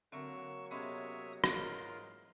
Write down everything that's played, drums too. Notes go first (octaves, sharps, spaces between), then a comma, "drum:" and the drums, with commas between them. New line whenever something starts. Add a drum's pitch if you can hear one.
D3 F#3 A#3 C4 A#4 E5 C#6 E6
C3 G#3 B3 C#4 C#5 E5 C6 D#6
G#2 E3 F4 A#4 C6, drum: rim click